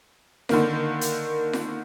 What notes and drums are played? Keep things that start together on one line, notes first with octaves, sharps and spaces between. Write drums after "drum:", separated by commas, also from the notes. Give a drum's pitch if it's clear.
D3 D#3 A#3, drum: snare F4
drum: hi-hat
drum: snare F4